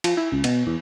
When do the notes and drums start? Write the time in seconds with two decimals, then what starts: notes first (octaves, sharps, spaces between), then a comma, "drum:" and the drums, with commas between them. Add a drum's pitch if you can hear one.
0.04 F3, drum: cymbal
0.17 E4
0.32 C#2
0.44 B2, drum: cymbal
0.67 E2